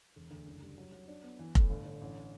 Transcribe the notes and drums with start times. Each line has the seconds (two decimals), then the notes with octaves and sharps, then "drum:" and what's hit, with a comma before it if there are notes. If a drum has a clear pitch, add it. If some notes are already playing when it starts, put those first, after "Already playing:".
0.16 E1
0.31 D2
0.46 F#1
0.62 G3
0.78 F#3
0.92 F#3
1.08 D4
1.23 B3
1.39 E3
1.55 A2, drum: kick F1
1.70 G1
1.85 D3
2.01 A1